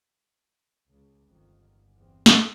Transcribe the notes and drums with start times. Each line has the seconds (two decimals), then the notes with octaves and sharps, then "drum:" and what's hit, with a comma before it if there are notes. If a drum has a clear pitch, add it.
0.88 C#2 C#3
1.26 G1 F2 D#3
1.94 E2 C4
2.26 drum: snare